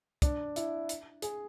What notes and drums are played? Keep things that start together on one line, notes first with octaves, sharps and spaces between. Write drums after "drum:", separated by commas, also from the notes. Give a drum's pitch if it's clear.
D4, drum: kick, hi-hat
E4, drum: hi-hat
drum: hi-hat
G#4, drum: hi-hat